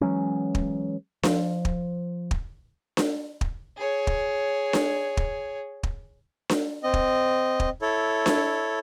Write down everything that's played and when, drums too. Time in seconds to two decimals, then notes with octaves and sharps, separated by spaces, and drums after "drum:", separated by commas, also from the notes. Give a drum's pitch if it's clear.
0.01 E3 F#3 G#3 C#4
0.55 drum: kick
1.23 F3, drum: snare D4
1.65 drum: kick
2.31 drum: kick
2.97 drum: snare D4
3.41 drum: kick
3.77 G#4 C#5
4.07 drum: kick
4.73 drum: snare D4
5.17 drum: kick
5.83 drum: kick
6.49 drum: snare D4
6.83 C4 D#5
6.94 drum: kick
7.60 drum: kick
7.82 E4 A4 C#5
8.26 drum: snare D4